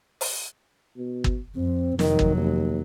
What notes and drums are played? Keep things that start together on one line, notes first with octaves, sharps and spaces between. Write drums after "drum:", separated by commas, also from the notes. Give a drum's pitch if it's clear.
drum: open hi-hat
B2
drum: kick
F2 C4
F1 D#3 F#3, drum: snare
drum: kick
D#2